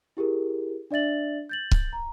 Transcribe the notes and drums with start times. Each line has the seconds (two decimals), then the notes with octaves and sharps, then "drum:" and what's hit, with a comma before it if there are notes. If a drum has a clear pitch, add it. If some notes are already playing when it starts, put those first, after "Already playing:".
0.17 E4 G4 G#4 A#4
0.91 D4 D5 E5 A6 F#7
1.49 G6 A6 F#7
1.71 drum: kick C#1
1.93 A#5